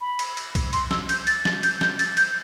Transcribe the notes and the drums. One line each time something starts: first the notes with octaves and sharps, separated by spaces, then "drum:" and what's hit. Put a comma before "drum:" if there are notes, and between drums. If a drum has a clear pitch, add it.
B5
drum: cymbal
drum: cymbal
drum: kick B1, cymbal
C6, drum: cymbal
E6, drum: snare
G6, drum: cymbal
A6, drum: cymbal
A6, drum: snare
G6, drum: cymbal
G6, drum: snare
A6, drum: cymbal
G6, drum: cymbal